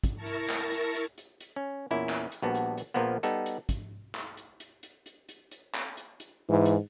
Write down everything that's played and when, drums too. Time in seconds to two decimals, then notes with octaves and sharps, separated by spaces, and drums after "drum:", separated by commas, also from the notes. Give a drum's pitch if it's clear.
0.04 drum: kick, hi-hat
0.15 E4 A#4 A5 A#5 C#6
0.26 drum: hi-hat
0.49 drum: clap
0.72 drum: hi-hat
0.95 drum: hi-hat
1.18 drum: hi-hat
1.41 drum: hi-hat
1.56 C#4
1.91 E2 A#2 C#4 E4
2.09 drum: clap
2.32 drum: hi-hat
2.42 A#1 G3 B3 D4 F#4
2.55 drum: hi-hat
2.77 drum: hi-hat
2.94 A#1 A#2 F3 A#3 B3
3.23 G3 B3 D#4 A4, drum: hi-hat
3.46 drum: hi-hat
3.69 drum: kick, hi-hat
4.14 drum: clap
4.37 drum: hi-hat
4.60 drum: hi-hat
4.83 drum: hi-hat
5.06 drum: hi-hat
5.29 drum: hi-hat
5.51 drum: hi-hat
5.74 drum: clap
5.97 drum: hi-hat
6.20 drum: hi-hat
6.49 G#2 E3
6.66 drum: hi-hat